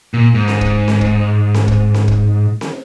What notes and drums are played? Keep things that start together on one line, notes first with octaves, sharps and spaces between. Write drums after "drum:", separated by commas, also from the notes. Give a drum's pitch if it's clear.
A#2
G#2
drum: snare C4
drum: kick
drum: snare C4
drum: kick
drum: snare C4
drum: kick
drum: snare C4
drum: kick
drum: snare C4